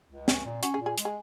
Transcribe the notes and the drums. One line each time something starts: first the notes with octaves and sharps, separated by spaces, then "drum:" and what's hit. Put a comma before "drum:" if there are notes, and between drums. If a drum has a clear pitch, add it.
C#2
C#4, drum: snare
A#2
C#4 F#4, drum: hi-hat
G#4
A#2
G#4
G#3, drum: hi-hat
G#4